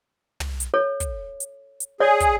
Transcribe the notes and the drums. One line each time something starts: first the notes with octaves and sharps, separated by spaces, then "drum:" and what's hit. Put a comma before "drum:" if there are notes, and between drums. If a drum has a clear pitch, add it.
drum: tom
drum: hi-hat
A4 C#5
drum: kick, hi-hat
drum: hi-hat
drum: hi-hat
G#4 C#5 D5
drum: kick, hi-hat